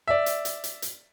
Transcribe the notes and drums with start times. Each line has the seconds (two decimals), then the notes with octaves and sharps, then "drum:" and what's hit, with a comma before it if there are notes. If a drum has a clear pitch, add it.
0.08 D5 E5
0.26 drum: hi-hat
0.45 drum: hi-hat
0.64 drum: hi-hat
0.82 drum: hi-hat